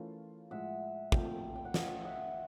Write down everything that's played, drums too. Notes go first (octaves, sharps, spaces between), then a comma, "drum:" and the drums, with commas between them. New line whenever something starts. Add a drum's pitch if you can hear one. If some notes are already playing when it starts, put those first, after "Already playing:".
Already playing: E3 A3 C#4 F4 A#4
A2 F3 G#3 E5 F#5
A#2 F3 A3 C4 F4 F5 G5, drum: kick
G5
F#5
F3 A3 C#4 F4 D#5 F5, drum: snare
E5 F#5